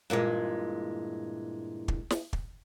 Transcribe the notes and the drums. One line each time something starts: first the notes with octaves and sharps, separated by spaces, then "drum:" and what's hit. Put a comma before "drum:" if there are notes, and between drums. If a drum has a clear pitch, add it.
G2 A#2 E3 G#3
drum: kick
drum: snare
drum: kick